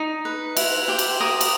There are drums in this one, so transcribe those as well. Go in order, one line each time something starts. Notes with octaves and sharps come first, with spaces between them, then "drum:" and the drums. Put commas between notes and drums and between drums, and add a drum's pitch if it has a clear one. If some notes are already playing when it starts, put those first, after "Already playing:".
Already playing: D#4
B4
E4, drum: cymbal
G4
drum: cymbal
A#4 D#6
drum: cymbal